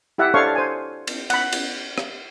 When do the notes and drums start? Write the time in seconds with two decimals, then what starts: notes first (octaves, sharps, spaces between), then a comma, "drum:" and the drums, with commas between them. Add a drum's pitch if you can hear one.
0.18 E4 G4 E5 F#5
0.34 D4 A4 C5 C#5 F5 C#6
0.55 C5 G#5
1.07 drum: cymbal
1.30 F#5 B5, drum: cymbal
1.52 drum: cymbal
1.98 drum: rim click